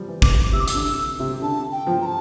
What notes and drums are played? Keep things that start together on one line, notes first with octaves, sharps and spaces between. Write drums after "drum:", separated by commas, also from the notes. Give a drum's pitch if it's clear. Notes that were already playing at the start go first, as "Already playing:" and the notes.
Already playing: F3 G3
E3
D6, drum: kick
C3 E6
D6
E6, drum: hi-hat
D3
E6
C3
D3 A5
G5
F3
A#5
A5